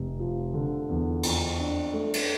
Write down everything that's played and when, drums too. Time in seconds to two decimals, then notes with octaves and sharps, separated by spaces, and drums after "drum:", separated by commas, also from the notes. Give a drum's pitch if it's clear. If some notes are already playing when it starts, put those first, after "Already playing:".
Already playing: F1
0.20 F3
0.54 D3
0.89 E2
1.23 F2, drum: cymbal
1.59 D4
1.93 A3
2.14 drum: cymbal